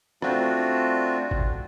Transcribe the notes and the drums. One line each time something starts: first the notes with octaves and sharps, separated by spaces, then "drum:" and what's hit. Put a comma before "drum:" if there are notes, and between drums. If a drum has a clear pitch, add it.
A3 C4 D4 F4 F#4, drum: rim click
drum: kick G#1